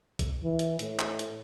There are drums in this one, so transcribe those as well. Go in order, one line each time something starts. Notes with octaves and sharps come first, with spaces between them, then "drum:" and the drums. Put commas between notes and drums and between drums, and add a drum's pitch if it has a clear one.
drum: kick B1, hi-hat
E3
drum: hi-hat
A2, drum: hi-hat
drum: clap
drum: hi-hat